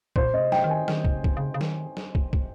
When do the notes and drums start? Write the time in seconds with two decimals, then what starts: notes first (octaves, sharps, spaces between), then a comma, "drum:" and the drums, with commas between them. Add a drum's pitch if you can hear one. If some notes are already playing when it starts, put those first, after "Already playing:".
0.16 A#2 C5, drum: kick
0.34 D#5
0.39 C3
0.52 G5, drum: snare
0.64 D#3
0.70 G#5
0.88 D#3, drum: snare
1.05 C3, drum: kick
1.13 C#3
1.24 drum: kick
1.37 C#3
1.54 C#3
1.61 D#3, drum: snare
1.97 drum: snare
2.15 drum: kick
2.33 drum: kick